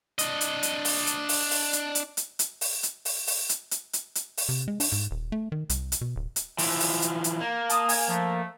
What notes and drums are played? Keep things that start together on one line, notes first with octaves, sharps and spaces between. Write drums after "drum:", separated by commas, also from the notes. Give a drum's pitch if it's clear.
D4 D#5, drum: hi-hat
drum: hi-hat
drum: hi-hat
drum: open hi-hat
drum: hi-hat
drum: open hi-hat
drum: open hi-hat
drum: hi-hat
drum: hi-hat
drum: hi-hat
drum: hi-hat
drum: open hi-hat
drum: hi-hat
drum: open hi-hat
drum: open hi-hat
drum: hi-hat
drum: hi-hat
drum: hi-hat
drum: hi-hat
drum: open hi-hat
C3
G#3
D4, drum: open hi-hat
G#2
D#1
A3
D#3
C2, drum: hi-hat
drum: hi-hat
B2
D1
drum: hi-hat
E3 F3, drum: open hi-hat
drum: open hi-hat
drum: hi-hat
drum: hi-hat
A#3
A5 D#6, drum: hi-hat
G#5, drum: open hi-hat
F3 A3